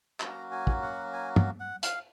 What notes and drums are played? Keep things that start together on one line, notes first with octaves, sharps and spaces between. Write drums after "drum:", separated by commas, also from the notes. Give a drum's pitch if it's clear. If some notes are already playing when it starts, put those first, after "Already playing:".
F#3 A#3 C#4 F#4 A#5, drum: clap
G#5
drum: kick
F#5
G#5
drum: tom
F#5
F5, drum: hi-hat